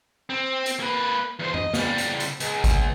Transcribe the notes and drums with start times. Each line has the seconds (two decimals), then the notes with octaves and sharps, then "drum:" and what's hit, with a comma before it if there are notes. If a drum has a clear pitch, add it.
0.30 C4
0.66 drum: hi-hat
0.80 A#3 B4
1.39 E2 C5
1.54 D#5, drum: tom F#2
1.74 C#3 G3, drum: snare
1.98 drum: hi-hat
2.20 drum: hi-hat
2.40 C#2, drum: hi-hat
2.64 drum: kick G#1, hi-hat